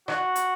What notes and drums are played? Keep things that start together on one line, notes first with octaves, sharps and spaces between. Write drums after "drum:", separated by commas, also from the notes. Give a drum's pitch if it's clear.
F#4, drum: rim click
drum: hi-hat